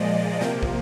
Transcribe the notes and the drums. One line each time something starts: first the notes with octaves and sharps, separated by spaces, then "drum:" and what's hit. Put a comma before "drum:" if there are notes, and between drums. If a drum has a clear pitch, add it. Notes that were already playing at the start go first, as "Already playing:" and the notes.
Already playing: A#2 F3 G#3 D5 D#5
C3 F3 A#3 G5, drum: snare
drum: kick